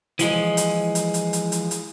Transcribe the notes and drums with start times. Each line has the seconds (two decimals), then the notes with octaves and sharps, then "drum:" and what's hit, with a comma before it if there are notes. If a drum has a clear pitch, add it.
0.19 E3 F3 G#3, drum: hi-hat
0.57 drum: hi-hat
0.95 drum: hi-hat
1.14 drum: hi-hat
1.33 drum: hi-hat
1.52 drum: hi-hat
1.71 drum: hi-hat